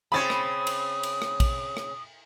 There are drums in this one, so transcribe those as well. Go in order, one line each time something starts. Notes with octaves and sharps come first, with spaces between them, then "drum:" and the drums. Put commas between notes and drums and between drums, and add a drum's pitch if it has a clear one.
C#3 C4 C#5 B5 D#6 A6
drum: rim click
drum: cymbal
drum: cymbal
drum: rim click
drum: kick A#1, cymbal
drum: rim click